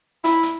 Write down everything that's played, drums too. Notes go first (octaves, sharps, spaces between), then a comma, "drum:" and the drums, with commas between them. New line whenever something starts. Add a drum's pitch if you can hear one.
E4, drum: hi-hat
drum: hi-hat